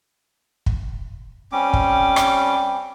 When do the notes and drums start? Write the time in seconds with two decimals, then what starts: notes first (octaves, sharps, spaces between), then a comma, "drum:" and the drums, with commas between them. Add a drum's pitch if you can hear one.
0.66 drum: kick
1.52 G3 C4 C#4 D6
1.73 drum: kick
2.16 drum: rim click